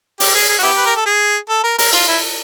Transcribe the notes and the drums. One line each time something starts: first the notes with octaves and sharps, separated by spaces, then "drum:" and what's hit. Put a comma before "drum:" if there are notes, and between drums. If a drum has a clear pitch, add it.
G4, drum: open hi-hat
G#4
G#4
F#4
B3 E4 G4
B4
A#4
A4
G#4
A4
A#4
A#4, drum: open hi-hat
F4, drum: cymbal
E4